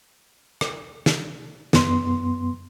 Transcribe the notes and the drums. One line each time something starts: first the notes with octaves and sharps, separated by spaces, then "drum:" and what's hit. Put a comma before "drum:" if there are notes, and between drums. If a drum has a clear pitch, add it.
drum: rim click
drum: snare
F#2 B3 C6, drum: snare